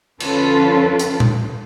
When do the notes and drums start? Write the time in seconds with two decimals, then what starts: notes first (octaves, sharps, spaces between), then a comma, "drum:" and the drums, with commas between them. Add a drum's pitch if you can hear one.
0.20 D3 F3 C#4 F4 A4 B4, drum: cymbal
0.99 drum: hi-hat
1.20 drum: tom A#2